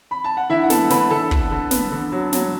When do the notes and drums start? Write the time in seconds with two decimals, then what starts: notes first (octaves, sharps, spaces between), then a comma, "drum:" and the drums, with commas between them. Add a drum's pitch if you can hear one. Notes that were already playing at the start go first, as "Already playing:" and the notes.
0.11 B5
0.24 A5
0.37 F#5
0.50 D3 E4 E5
0.63 F#5
0.70 B3 A4 A5, drum: snare
0.90 D3 B4 B5, drum: snare
1.10 D3 A4 A5
1.31 D3, drum: kick
1.51 D3
1.71 B3, drum: snare
1.92 D3
2.12 F#3
2.33 F#3, drum: snare